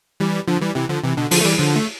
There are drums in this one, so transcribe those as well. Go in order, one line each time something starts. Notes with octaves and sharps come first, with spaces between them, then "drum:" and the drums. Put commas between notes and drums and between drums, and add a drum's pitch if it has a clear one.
E3 G3
D3 F3
E3 G3
C3 E3
D3 F3
C3 E3
B2 D3
D3 F3, drum: open hi-hat
A3
E3 G3
D3 F3
A3